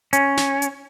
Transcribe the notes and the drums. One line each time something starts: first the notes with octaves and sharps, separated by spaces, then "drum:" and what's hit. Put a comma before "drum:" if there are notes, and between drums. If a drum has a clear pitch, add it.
C#4, drum: hi-hat
drum: snare
drum: hi-hat